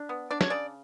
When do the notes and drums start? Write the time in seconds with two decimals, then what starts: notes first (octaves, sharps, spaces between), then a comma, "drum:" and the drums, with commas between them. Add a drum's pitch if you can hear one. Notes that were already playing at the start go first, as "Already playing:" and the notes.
Already playing: D4
0.09 B3
0.31 D4 D5
0.41 C#5, drum: snare
0.50 C#3 D5